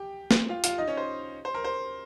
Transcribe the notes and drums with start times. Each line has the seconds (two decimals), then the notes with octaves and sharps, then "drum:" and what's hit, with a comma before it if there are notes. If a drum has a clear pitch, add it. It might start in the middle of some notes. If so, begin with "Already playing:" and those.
Already playing: G4 G5
0.31 drum: snare
0.49 F4 F5
0.64 F4 F5, drum: hi-hat
0.78 D#4 D#5
0.87 C#4 C#5
0.97 C5
1.45 C5
1.54 A#4
1.64 C5